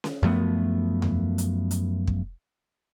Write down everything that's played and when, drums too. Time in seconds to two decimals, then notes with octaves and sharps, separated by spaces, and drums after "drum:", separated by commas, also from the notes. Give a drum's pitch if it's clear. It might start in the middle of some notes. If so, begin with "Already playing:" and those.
0.04 drum: snare C#4
0.23 F#2 F3 A3 B3
1.02 drum: tom E2
1.38 drum: hi-hat
1.71 drum: hi-hat
2.07 drum: kick